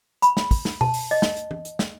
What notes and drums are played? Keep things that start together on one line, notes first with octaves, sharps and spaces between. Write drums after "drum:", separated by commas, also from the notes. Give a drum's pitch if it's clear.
B5, drum: hi-hat
drum: snare
drum: kick, open hi-hat
drum: snare
A5, drum: tom B2
drum: open hi-hat
D#5
drum: snare
drum: hi-hat
drum: tom
drum: hi-hat
drum: snare